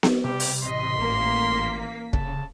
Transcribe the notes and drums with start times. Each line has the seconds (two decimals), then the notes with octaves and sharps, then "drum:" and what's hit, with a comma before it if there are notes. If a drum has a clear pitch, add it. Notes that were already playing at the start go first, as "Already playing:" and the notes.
0.03 drum: snare B3
0.24 C3 G3 G4
0.40 drum: open hi-hat
0.64 A1 D#5 C6 B6
0.98 G#1 A#3
2.13 C#3 A5, drum: kick